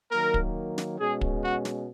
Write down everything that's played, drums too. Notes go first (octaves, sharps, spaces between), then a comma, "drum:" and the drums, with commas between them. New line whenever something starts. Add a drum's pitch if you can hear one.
D#3 F#3 A#3 A#4
drum: kick
drum: snare
B2 G#3 C#4 G#4
drum: kick
F#4
drum: snare